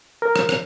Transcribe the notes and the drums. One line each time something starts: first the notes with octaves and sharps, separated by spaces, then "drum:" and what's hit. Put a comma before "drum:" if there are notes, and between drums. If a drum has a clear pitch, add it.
A#4
drum: rim click
drum: rim click